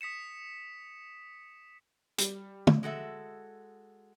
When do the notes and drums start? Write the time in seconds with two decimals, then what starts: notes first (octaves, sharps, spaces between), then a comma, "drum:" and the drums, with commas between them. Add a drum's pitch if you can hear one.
0.01 D#6 B6 C#7 E7
2.18 G3, drum: hi-hat
2.67 drum: tom
2.83 G#3 F#4 A4 E5